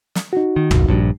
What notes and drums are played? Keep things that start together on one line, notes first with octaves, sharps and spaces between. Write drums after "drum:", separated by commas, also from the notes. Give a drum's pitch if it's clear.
drum: snare
D#4 F#4
D#3
F1 A#1, drum: tom
A#1 G2